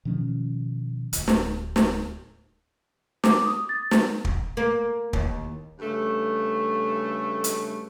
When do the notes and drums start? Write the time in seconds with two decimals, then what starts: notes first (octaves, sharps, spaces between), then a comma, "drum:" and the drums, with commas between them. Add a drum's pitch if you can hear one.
0.05 B2 D#3 F3 C#4
1.13 D1 G#1, drum: hi-hat
1.28 drum: snare
1.76 drum: snare
3.24 D6, drum: snare
3.45 D#6
3.69 A6
3.91 drum: snare
4.25 drum: kick
4.57 A#3
5.13 D#2, drum: kick
5.79 G2 C#3 A3
7.44 drum: hi-hat